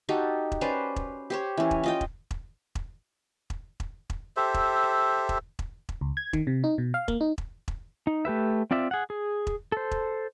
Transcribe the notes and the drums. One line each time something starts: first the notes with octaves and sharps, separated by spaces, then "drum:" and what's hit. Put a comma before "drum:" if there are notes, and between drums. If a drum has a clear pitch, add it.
D#4 F#4 G4 A4
drum: kick E1
C#4 B4 C5 D5
drum: kick E1
G4 C5 C#5
E3 C#4
drum: kick E1
F4 D#5 G5
drum: kick E1
drum: kick E1
drum: kick E1
drum: kick E1
drum: kick E1
drum: kick E1
G4 A4 C5 E5
drum: kick E1
drum: kick E1
drum: kick E1
drum: kick E1
C#2
G#6
D#3, drum: kick E1
C3
D#4
B2
F5
A#3, drum: kick E1
D#4
drum: kick E1
drum: kick E1
D#4
A3 G4 B4 E5
C4 F4 D5 E5
G#4 F#5
G#4
drum: kick E1
A4 C5
drum: kick E1